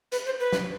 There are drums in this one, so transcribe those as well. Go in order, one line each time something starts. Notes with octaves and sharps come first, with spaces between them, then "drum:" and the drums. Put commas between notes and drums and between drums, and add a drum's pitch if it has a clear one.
B4, drum: hi-hat
C5
B4
drum: snare